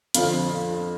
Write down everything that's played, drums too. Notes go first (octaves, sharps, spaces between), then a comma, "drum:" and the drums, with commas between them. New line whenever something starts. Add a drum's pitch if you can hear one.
F2 D3 F3 F5, drum: hi-hat